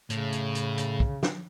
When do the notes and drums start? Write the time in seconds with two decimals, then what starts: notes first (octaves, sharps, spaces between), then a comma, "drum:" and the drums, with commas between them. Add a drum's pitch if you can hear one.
0.10 A2 C#3, drum: hi-hat
0.32 drum: hi-hat
0.55 drum: hi-hat
0.78 drum: hi-hat
1.00 drum: kick
1.23 drum: snare